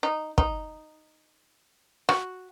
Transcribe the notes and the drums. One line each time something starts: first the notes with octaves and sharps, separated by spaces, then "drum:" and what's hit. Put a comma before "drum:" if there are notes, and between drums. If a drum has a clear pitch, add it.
D#4
D#4, drum: kick
F#4, drum: rim click